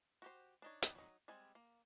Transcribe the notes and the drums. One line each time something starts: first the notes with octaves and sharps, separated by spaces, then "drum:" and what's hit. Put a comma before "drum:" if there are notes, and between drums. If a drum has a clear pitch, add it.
F#4 G4 C5
D4 D#4 C#5
B3 D#4 B4 D5 G5, drum: hi-hat
F#3 D#4
G3 G#3 C4 G#5
A#3